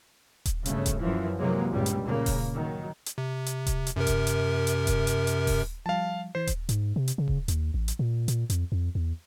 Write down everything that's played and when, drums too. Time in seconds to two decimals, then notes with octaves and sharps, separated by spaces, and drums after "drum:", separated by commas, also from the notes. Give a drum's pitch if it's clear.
0.45 drum: kick D#1, hi-hat
0.66 G1 C#3 A3, drum: hi-hat
0.86 drum: kick D#1, hi-hat
1.00 F#2 E3 F3
1.39 C3 E3 F#3 G#3 A#3
1.72 C#2 G2 A#2 G3
1.86 drum: hi-hat
2.03 A#2 C#3 A#3
2.26 drum: kick D#1, open hi-hat
2.53 D#3 F#3
3.06 drum: hi-hat
3.18 C3
3.46 drum: hi-hat
3.66 drum: kick D#1, hi-hat
3.87 drum: hi-hat
3.96 F#2 C3 A#4
4.07 drum: kick D#1, hi-hat
4.27 drum: hi-hat
4.67 drum: hi-hat
4.87 drum: kick D#1, hi-hat
5.07 drum: hi-hat
5.27 drum: hi-hat
5.47 drum: kick D#1, open hi-hat
5.86 F3 G3 F5 A5
6.35 E3 C5 C7
6.47 drum: kick D#1, hi-hat
6.69 G#2, drum: hi-hat
6.96 C3
7.08 drum: hi-hat
7.18 C#3
7.28 drum: kick D#1
7.48 D#2, drum: hi-hat
7.74 A1
7.88 drum: hi-hat
7.99 A#2
8.28 A#2, drum: hi-hat
8.50 F2, drum: hi-hat
8.72 F2
8.95 E2